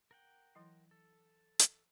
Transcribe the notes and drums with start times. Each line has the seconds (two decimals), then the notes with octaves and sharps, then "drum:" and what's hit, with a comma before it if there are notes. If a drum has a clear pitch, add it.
0.11 A#4 F#5 G5
0.55 E3 F#3 E4
0.91 A4
1.59 drum: hi-hat